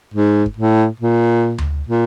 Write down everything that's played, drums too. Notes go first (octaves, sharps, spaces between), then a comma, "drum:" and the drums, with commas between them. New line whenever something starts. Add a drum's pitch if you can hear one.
G#2
drum: kick
A2
A#2
drum: tom D2
A#2